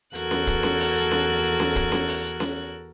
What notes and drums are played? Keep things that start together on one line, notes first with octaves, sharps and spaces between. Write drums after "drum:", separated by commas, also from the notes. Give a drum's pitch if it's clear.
E2 F#4 A4 A#4 F#6 G#6, drum: hi-hat
drum: snare C#4
drum: kick, hi-hat
drum: snare C#4
drum: open hi-hat
drum: snare C#4
drum: hi-hat
drum: snare C#4
drum: kick, hi-hat
drum: snare C#4
drum: open hi-hat
drum: snare C#4